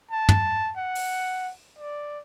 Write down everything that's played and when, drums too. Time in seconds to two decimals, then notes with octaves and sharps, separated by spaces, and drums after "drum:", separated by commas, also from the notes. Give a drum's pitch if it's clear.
0.11 A5
0.29 drum: tom
0.77 F#5
0.95 drum: open hi-hat
1.79 D5